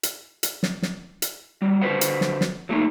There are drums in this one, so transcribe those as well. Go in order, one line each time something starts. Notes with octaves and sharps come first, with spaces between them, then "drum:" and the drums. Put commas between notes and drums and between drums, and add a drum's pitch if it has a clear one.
drum: hi-hat
drum: hi-hat
drum: snare
drum: snare
drum: hi-hat
F#3 G3
D3 F#4 G#4 B4 C5 F#5
drum: hi-hat
drum: snare
drum: snare
F#3 A3 A#3 C#4 D#4